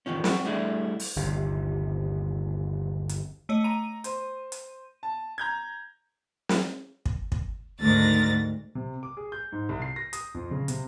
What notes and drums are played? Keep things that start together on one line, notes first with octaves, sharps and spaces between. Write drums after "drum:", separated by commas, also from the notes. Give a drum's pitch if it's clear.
F2 B2 D#3 F3 C#4
C4 F#4, drum: snare
G3 A3 D4 E4 G#4
drum: open hi-hat
G1 D#2 C3
drum: hi-hat
A3 C#5 D#5
A#5 D#7
C5, drum: hi-hat
drum: hi-hat
A5
A#5 G6 G#6
drum: snare
drum: kick
drum: kick
D2 G#2 D#3 A6 A#6
C3
D6
G#4
G6
G#2
C2
C7
A#6
D#6, drum: hi-hat
F2
C#3
C3, drum: hi-hat